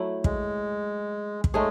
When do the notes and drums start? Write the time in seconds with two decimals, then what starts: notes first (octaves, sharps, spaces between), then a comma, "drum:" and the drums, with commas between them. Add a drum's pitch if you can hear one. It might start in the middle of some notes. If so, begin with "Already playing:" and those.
Already playing: F#3 A3 E4
0.24 G#3, drum: kick
1.44 drum: kick
1.54 G#3 A3 D#4 G#4 C#5